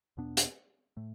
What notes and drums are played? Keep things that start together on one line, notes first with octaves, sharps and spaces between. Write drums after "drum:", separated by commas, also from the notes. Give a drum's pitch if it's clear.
E2 B2 B3 D4
drum: hi-hat
A2 A3